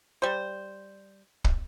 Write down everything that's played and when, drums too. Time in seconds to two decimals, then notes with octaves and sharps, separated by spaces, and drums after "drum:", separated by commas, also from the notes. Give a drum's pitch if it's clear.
0.22 G3 C5
1.44 drum: kick